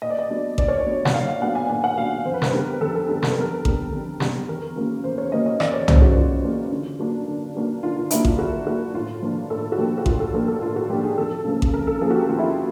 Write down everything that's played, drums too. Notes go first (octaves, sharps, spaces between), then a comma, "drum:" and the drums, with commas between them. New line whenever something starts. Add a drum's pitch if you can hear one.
A#2 D#5
D5
D#5
F#3 B3 D4
A#2 D5, drum: kick A1
C#5
D5
F#3 B3 D4
F#5, drum: snare
A#2 F5
F5
F#3 B3 D4 F#5
G#5
A#2 G#5
F#5
F#3 B3 D4 F5
F2 C5
B4
A#4, drum: snare
D3 G3 B3 B4
F2 A4
A4
D3 G3 B3 A4
A#4, drum: snare
B4
F2 A#4
D3 G3 B3, drum: kick A1
F2
D3 G3 B3, drum: snare
E2 A#4
C#3 F#3 A#3
E2 C5
C#5
C#3 F#3 A#3 D#5
D#5
E2 D5, drum: rim click
C#5
C#3 F#3 A#3 C5, drum: tom
F#4
E2 F4
C#3 F#3 A#3
D3
F#3 A#3 D4
D3
F#3 A#3 D4
D3 F4
F4
F#3 A#3 D4 E4, drum: hi-hat
F4, drum: kick A1
D3 F#4
F#3 A#3 D4 F#4
A2 F4
F3 A#3 D4
A2 A4
F#4
F3 A#3 D4 G4
F#4
A2 F4, drum: kick A1
A4
F3 A#3 D4 A4
A4
A2 F4
F#4
F3 A#3 D4 G4
G#4
F2 A4
C#3 F3 A#3
drum: kick A1
F2 A#4
A4
C#3 F3 A#3 G#4
F#4
G4
F2 F4
E4
F4